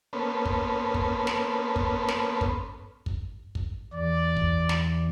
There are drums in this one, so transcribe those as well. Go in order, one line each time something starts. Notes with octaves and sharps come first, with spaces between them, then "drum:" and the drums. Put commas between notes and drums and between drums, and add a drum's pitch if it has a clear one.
A#3 B3 C#4 A4 B4 C5
drum: kick
drum: kick
drum: snare
drum: kick
drum: snare
drum: kick
drum: kick
drum: kick
E2 D5
drum: kick
drum: snare